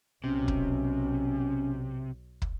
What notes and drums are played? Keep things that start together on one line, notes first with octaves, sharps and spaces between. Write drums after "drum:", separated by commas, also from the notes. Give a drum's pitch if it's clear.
B1 C3 C#4
drum: kick
drum: kick